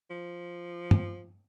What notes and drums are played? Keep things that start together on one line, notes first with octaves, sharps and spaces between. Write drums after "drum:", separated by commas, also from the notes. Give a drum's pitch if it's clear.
F3
drum: tom